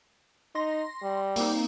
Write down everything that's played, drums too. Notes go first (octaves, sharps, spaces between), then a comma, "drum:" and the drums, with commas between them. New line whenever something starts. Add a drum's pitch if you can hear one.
D#4 C6 A#6
G3
A#3 C4 D#4, drum: open hi-hat